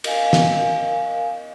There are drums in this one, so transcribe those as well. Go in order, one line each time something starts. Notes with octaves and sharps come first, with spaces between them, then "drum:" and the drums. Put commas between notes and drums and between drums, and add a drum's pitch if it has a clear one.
A#4 D#5 F5 G#5, drum: cymbal
drum: snare